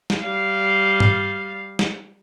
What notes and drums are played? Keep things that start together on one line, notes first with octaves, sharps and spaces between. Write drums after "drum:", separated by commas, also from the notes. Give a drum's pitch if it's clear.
drum: snare
G3 F5
drum: tom G2
drum: snare